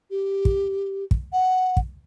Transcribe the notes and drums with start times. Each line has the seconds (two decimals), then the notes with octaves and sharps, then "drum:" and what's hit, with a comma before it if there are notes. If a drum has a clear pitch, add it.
0.11 G4
0.45 drum: kick
1.11 drum: kick
1.33 F#5
1.77 drum: kick